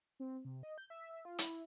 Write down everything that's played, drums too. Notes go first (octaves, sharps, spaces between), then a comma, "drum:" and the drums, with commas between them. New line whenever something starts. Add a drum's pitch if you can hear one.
C4
C3
D#5
G6
E5
E5
F4
E4, drum: hi-hat